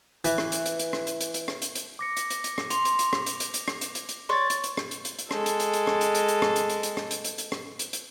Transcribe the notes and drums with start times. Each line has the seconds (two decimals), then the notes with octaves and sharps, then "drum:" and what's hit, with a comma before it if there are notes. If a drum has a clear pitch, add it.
0.24 E3 B4, drum: hi-hat
0.38 drum: rim click
0.52 drum: hi-hat
0.66 drum: hi-hat
0.79 drum: hi-hat
0.93 drum: rim click
1.07 drum: hi-hat
1.21 drum: hi-hat
1.34 drum: hi-hat
1.48 drum: rim click
1.62 drum: hi-hat
1.75 drum: hi-hat
1.99 D6 A#6 C#7
2.17 drum: hi-hat
2.30 drum: hi-hat
2.44 drum: hi-hat
2.58 drum: rim click
2.70 C6 F7, drum: hi-hat
2.85 drum: hi-hat
2.99 drum: hi-hat
3.13 drum: rim click
3.26 drum: hi-hat
3.40 drum: hi-hat
3.54 drum: hi-hat
3.68 drum: rim click
3.81 drum: hi-hat
3.95 drum: hi-hat
4.09 drum: hi-hat
4.29 C#5 D5 C6 C#6 A6
4.50 drum: hi-hat
4.64 drum: hi-hat
4.77 drum: rim click
4.91 drum: hi-hat
5.05 drum: hi-hat
5.19 drum: hi-hat
5.31 G#3 A4, drum: rim click
5.46 drum: hi-hat
5.60 drum: hi-hat
5.73 drum: hi-hat
5.87 drum: rim click
6.01 drum: hi-hat
6.15 drum: hi-hat
6.28 drum: hi-hat
6.42 drum: rim click
6.56 drum: hi-hat
6.70 drum: hi-hat
6.83 drum: hi-hat
6.97 drum: rim click
7.11 drum: hi-hat
7.24 drum: hi-hat
7.38 drum: hi-hat
7.52 drum: rim click
7.79 drum: hi-hat
7.93 drum: hi-hat